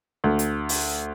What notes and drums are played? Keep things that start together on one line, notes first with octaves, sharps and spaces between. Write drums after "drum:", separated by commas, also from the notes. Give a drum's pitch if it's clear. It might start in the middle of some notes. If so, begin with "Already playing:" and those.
D2
drum: hi-hat
drum: open hi-hat